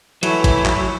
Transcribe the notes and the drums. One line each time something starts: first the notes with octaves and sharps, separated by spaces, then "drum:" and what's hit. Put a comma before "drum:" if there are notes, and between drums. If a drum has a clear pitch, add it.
E3 F#3 A3 E4 C#5, drum: hi-hat
drum: kick A1, hi-hat
drum: clap